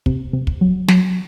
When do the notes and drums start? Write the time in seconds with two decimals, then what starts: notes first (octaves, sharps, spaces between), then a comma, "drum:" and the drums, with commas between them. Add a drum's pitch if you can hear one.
0.06 C3, drum: kick
0.33 C3
0.47 drum: kick
0.61 F#3
0.88 F#3, drum: snare